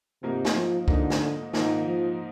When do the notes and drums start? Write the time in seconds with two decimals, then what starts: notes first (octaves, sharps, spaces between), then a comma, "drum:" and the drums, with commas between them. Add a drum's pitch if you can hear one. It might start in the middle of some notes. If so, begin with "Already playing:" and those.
0.23 G#2 C3 F3 A#3 D#4 A#4
0.45 drum: snare
0.55 F3
0.88 G#2 D3 F3 A#3 D#4 A#4, drum: kick C2
1.10 drum: snare
1.53 G#2 D#3 F3 A#3 D#4 A#4, drum: snare
1.87 F3